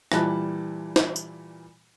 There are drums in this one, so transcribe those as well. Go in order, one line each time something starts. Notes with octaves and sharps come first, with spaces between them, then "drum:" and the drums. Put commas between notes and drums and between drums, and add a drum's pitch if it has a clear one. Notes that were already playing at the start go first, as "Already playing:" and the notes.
A#2 E3 G3 A5 F#6, drum: rim click
drum: snare
drum: tambourine